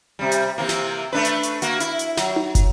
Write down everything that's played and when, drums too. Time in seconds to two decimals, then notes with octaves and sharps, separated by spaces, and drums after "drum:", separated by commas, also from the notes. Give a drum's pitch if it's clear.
0.19 C3 G3
0.32 drum: hi-hat
0.58 C3 E3 A#3
0.69 drum: snare
1.12 A3 D4 B4
1.25 drum: hi-hat
1.43 drum: hi-hat
1.62 A#3 F#4, drum: hi-hat
1.80 E4, drum: hi-hat
1.99 drum: hi-hat
2.17 F#3, drum: snare
2.36 drum: tom D#4
2.55 drum: kick, hi-hat